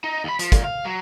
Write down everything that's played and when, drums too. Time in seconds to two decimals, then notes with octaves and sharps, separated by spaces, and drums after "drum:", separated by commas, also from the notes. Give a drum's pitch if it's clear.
0.04 D#4
0.24 D#2 B5
0.39 F3, drum: hi-hat
0.52 A#2, drum: kick, hi-hat
0.64 F5
0.85 F#3